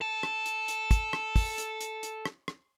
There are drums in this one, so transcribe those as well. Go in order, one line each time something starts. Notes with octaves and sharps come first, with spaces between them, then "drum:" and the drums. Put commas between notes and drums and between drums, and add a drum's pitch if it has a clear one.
A4 A5
drum: rim click
drum: hi-hat
drum: hi-hat
drum: kick, hi-hat
drum: rim click
drum: kick, open hi-hat
drum: hi-hat
drum: hi-hat
drum: hi-hat
drum: rim click
drum: rim click